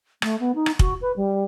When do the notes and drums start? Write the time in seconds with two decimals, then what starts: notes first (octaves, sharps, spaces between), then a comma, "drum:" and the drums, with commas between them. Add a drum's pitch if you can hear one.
0.22 A3, drum: rim click
0.40 B3
0.55 D#4
0.66 drum: rim click
0.79 F#4, drum: kick
1.01 B4
1.16 G3